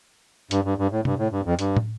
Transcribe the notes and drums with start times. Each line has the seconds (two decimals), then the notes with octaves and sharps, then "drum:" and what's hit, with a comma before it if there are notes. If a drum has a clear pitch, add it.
0.51 G2, drum: hi-hat
0.65 G2
0.78 G2
0.91 A2
1.05 G2, drum: tom C3
1.19 A2
1.32 G2
1.45 F2
1.59 G2, drum: hi-hat
1.77 drum: tom